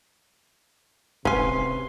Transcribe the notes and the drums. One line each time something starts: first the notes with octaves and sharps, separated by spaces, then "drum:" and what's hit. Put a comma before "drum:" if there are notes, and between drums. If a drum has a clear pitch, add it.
C3 C#4 B4 G#5 C6, drum: kick